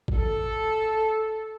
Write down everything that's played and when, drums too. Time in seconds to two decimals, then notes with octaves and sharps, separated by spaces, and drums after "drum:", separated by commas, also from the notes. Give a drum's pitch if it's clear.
0.08 drum: kick G#1
0.17 A4